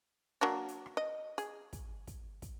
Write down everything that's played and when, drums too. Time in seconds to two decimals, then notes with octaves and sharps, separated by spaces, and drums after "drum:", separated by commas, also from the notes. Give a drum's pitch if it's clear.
0.41 F#3 A#3 D4
0.68 drum: hi-hat
0.86 drum: rim click
0.97 D#5
1.38 G#4, drum: hi-hat
1.73 drum: kick, hi-hat
2.07 drum: kick, hi-hat
2.42 drum: kick, hi-hat